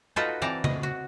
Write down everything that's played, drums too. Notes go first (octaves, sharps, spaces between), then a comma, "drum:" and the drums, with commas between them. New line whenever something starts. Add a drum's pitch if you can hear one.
D#4 F4 F#4 A4 B4 D#5
E3 C4 D5 A5 A#5
D#5, drum: tom C#3
F#4